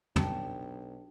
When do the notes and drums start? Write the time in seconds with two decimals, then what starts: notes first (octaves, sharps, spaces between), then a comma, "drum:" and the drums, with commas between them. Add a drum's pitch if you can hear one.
0.16 B1 D4 G4, drum: tom